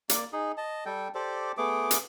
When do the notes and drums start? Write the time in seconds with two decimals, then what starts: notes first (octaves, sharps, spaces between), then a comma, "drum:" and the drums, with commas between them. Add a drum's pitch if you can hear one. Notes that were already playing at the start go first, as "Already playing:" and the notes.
0.09 A#3 D5, drum: hi-hat
0.33 D#4 G#4
0.57 D#5 A5
0.86 G3 A4 G5
1.15 G4 A4 C5 D5
1.57 A3 B3 G#4 D6
1.91 drum: hi-hat